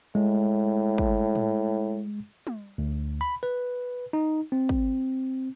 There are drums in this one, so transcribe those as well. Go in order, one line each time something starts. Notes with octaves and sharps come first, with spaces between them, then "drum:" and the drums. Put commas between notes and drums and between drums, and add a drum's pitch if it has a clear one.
A2 G#3
drum: kick
drum: tom
drum: tom
D2
B5
B4
D#4
C4
drum: kick